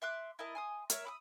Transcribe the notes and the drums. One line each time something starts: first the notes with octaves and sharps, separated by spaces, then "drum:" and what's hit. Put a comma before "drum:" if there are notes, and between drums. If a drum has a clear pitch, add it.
E5 C6 D6 F#6
E4 A#4 D#5 A5
G#5 C6 D#6
A#4 C#5 E5, drum: hi-hat
B5 D6 D#6